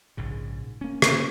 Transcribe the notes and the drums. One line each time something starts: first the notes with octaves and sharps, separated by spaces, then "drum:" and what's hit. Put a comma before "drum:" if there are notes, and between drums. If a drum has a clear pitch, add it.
A#1 G#2 C#3
A#3 C#4
drum: rim click